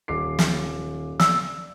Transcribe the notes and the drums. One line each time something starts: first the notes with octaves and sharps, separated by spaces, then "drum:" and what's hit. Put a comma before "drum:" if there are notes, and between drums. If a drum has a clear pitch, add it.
D#1 D6 C7
drum: snare
D5 E6, drum: snare